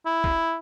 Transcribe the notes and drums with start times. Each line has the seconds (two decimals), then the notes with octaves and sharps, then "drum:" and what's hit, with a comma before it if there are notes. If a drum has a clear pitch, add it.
0.06 E4
0.24 drum: kick